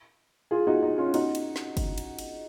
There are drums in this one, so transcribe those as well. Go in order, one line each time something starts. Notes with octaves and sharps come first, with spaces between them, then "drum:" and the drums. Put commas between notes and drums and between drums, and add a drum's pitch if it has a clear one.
F4 G#4
D#4 F#4
D#4
C#4 F4
D#4 F#4, drum: cymbal
drum: cymbal
drum: snare
drum: kick F#1, cymbal
drum: cymbal
drum: cymbal